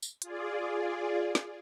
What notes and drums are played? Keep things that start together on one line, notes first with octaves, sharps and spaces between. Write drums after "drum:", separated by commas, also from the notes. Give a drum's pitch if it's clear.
drum: tambourine
F4 G#4 D5, drum: hi-hat
drum: snare